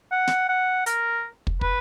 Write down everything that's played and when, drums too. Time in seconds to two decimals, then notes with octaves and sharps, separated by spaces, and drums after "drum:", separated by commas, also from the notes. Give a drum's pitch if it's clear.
0.11 F#5
0.27 drum: snare
0.48 F#5
0.86 A#4, drum: hi-hat
1.47 drum: kick
1.61 B4, drum: kick